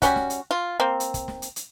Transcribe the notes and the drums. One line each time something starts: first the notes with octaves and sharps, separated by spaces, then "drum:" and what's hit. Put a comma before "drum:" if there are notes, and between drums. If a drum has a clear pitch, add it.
G3 C#4 F#4, drum: kick, hi-hat
drum: snare
drum: hi-hat
F4
A#3 C4
drum: hi-hat
drum: kick, hi-hat
drum: snare
drum: hi-hat
drum: hi-hat